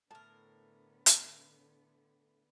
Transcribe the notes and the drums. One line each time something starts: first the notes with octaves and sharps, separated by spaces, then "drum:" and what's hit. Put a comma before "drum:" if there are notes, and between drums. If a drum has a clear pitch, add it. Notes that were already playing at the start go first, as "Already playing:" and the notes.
A2 D3 B3 A#4 A5
drum: hi-hat